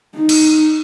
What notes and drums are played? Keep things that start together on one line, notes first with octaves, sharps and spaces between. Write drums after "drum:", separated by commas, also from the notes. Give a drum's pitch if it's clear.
D#4
drum: cymbal